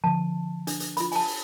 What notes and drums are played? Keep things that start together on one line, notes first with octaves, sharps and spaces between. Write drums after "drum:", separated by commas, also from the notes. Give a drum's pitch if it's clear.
D3 F3 A5
D4, drum: hi-hat
drum: hi-hat
F4 B5, drum: hi-hat
G#5 A5, drum: open hi-hat
drum: open hi-hat